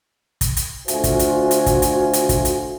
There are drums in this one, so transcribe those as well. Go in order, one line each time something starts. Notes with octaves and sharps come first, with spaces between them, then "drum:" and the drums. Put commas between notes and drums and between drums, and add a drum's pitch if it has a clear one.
drum: kick, hi-hat
drum: hi-hat
D2 F4 F#4 C5 E5 G#5, drum: hi-hat
drum: kick, hi-hat
drum: hi-hat
drum: hi-hat
drum: kick, hi-hat
drum: hi-hat
drum: hi-hat
drum: kick, hi-hat
drum: hi-hat